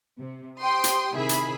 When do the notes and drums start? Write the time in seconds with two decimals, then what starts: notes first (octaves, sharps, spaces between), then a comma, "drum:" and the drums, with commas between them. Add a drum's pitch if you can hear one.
0.19 C3
0.61 G4 C5 G5 C6 D#6
0.84 drum: hi-hat
1.14 C3 D#3 E4 G#4 E5 B5
1.29 drum: hi-hat